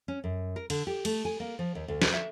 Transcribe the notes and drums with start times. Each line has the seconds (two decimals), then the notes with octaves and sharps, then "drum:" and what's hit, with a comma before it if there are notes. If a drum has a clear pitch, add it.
0.08 C#4
0.24 F#2
0.56 A#4
0.70 D3, drum: cymbal
0.87 G4
1.05 A3, drum: cymbal
1.25 G#5
1.40 A#3
1.59 F3
1.75 D#2
1.88 D2
2.02 drum: snare
2.13 E5